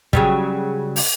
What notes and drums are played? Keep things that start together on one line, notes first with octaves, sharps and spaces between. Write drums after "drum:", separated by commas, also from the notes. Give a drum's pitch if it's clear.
C#3 F#3 G3, drum: kick
drum: open hi-hat